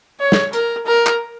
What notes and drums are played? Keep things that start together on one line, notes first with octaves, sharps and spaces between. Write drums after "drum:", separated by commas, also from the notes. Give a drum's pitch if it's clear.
C#5
drum: snare
A#4, drum: hi-hat
A#4
drum: clap